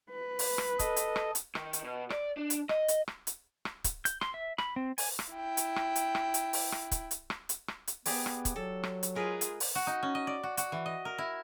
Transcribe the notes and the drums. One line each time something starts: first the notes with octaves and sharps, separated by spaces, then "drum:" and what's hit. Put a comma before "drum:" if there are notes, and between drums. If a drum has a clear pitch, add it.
B4
drum: open hi-hat
drum: rim click
A4 D#5, drum: kick, hi-hat
drum: hi-hat
drum: rim click
drum: hi-hat
D#3, drum: rim click
drum: hi-hat
B2
D5, drum: rim click
D4
drum: hi-hat
D#5, drum: rim click
drum: hi-hat
drum: rim click
drum: hi-hat
drum: rim click
drum: kick, hi-hat
G6, drum: hi-hat
C6, drum: rim click
E5
B5, drum: rim click
C4
G#5, drum: open hi-hat
drum: rim click
E4 G5
drum: hi-hat
drum: rim click
drum: hi-hat
drum: rim click
drum: hi-hat
drum: open hi-hat
drum: rim click
drum: kick, hi-hat
drum: hi-hat
drum: rim click
drum: hi-hat
drum: rim click
drum: hi-hat
B3 G4 G#4 D5, drum: open hi-hat
drum: rim click
drum: kick, hi-hat
F#3 A4
drum: rim click
drum: hi-hat
G#3 F4 G#4 A#4 B4
drum: hi-hat
drum: open hi-hat
F#4
D#4
C#4
D#5
D5
F#4
F#4, drum: hi-hat
E3
D#5
A#4
E4